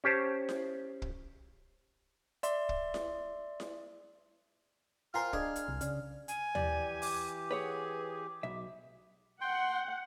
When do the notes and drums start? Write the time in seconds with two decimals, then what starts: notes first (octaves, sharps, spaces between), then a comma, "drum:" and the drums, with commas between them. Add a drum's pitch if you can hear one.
0.04 C#4 G4 C5 A5
0.49 drum: snare E4
1.02 drum: kick
2.43 D5 E5 C6, drum: hi-hat
2.69 drum: kick
2.94 drum: snare E4
3.60 drum: snare E4
5.14 F4 A#4 C5 G5 G#5 F6 C7
5.33 D4 G#4 D#5 F5, drum: kick
5.56 drum: hi-hat
5.68 C2
5.81 C#3 D5, drum: hi-hat
6.28 G#5, drum: hi-hat
6.55 E3 G4 D5, drum: tom D#2
7.02 D6, drum: open hi-hat
7.51 G#4 B4 C#5 F#5
8.43 B1 E5
9.42 F#5 G5 C6